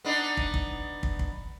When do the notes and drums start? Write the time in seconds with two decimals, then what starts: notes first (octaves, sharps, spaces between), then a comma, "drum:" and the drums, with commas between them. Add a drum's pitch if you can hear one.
0.05 B3 D4 D#4
0.37 drum: kick
0.54 drum: kick
1.03 drum: kick
1.19 drum: kick